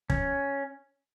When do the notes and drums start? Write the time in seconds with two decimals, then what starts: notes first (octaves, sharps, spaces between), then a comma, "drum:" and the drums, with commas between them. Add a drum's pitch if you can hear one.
0.10 C#4, drum: kick